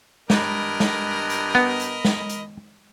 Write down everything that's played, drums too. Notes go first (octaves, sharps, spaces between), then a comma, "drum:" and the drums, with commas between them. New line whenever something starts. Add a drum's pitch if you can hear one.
G2 A#4 D#5 B5, drum: snare
drum: snare
drum: hi-hat
B3
drum: hi-hat
drum: snare
drum: hi-hat